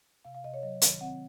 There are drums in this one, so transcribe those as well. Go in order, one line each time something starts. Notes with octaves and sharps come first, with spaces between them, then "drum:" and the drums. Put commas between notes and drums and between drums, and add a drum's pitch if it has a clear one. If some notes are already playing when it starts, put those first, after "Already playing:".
C3 F5
F5
C3 D#5
C#5
F#3 D#5
D#3, drum: hi-hat
C4 F#5